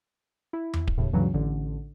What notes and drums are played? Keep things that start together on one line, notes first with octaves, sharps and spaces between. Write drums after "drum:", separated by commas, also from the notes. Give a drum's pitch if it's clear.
E4
drum: tom E2
drum: kick D1
D#2 A2 C#3
D2 G2 C#3 E3 F#3
A1 D3